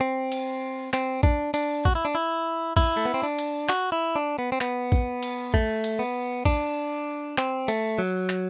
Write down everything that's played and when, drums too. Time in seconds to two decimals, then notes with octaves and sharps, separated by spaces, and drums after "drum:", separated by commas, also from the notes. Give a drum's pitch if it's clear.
0.01 C4
0.32 drum: cymbal
0.93 C4, drum: clap
1.23 D4, drum: kick
1.54 D4, drum: cymbal
1.85 F#4, drum: kick
1.95 E4
2.05 D4
2.15 E4
2.77 E4, drum: kick, cymbal
2.97 A3
3.05 B3
3.14 C4
3.23 D4
3.39 drum: cymbal
3.69 F#4, drum: clap
3.92 E4
4.16 D4
4.39 B3
4.52 C4
4.61 B3, drum: clap
4.92 drum: kick
5.23 drum: cymbal
5.54 A3, drum: kick
5.84 drum: cymbal
5.99 B3
6.45 D4, drum: kick, cymbal
7.38 C4, drum: clap
7.68 A3, drum: cymbal
7.99 F#3
8.29 drum: clap